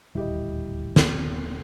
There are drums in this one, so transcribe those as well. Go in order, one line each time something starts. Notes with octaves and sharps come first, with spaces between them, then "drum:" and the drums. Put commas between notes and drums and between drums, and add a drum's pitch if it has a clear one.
D#1 A1 D2 G3 E4 G4 D#5
drum: snare